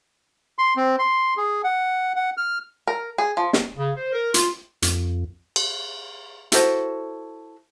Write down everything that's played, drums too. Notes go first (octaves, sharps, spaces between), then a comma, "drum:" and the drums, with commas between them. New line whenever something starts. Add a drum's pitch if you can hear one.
C6
C4
C6
G#4
F#5
F#5
F6
A#4
G#4
F3
drum: snare
C#3
C5
A#4
F4, drum: hi-hat
F2, drum: hi-hat
drum: cymbal
E4 F#4 A4 C5, drum: hi-hat